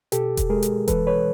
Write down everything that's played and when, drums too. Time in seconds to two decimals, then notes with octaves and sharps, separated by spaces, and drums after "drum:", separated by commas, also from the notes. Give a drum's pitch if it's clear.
0.12 B2 G4 A4, drum: hi-hat
0.37 drum: kick E1, hi-hat
0.50 G#3 G#4 A#4
0.63 drum: hi-hat
0.88 E3 A4 B4, drum: kick E1, hi-hat
1.07 B4 C#5